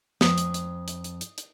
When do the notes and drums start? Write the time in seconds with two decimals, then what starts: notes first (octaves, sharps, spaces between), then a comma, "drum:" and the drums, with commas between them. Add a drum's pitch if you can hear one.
0.21 F2 D#6, drum: snare
0.38 drum: hi-hat
0.54 drum: hi-hat
0.88 drum: hi-hat
1.04 drum: hi-hat
1.21 drum: hi-hat
1.38 drum: hi-hat